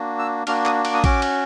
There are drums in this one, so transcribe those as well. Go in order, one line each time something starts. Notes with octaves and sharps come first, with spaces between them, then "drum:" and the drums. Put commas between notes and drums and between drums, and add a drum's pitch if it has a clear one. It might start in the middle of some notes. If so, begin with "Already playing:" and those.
Already playing: A#3 D4 F#4
E6
A#3 D4 F#4 F6, drum: cymbal
D#6, drum: clap
D6, drum: cymbal
D#6
C#4 F#4 D6, drum: kick A1, cymbal
drum: cymbal